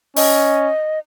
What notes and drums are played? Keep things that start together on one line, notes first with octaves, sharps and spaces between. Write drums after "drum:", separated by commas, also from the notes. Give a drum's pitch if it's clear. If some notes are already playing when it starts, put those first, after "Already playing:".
C#4 D#5, drum: open hi-hat